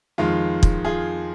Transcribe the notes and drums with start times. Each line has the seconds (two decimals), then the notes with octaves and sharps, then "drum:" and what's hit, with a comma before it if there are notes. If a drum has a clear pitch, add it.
0.18 F2 D#3 G#3 F4
0.63 drum: kick
0.85 F4 G#4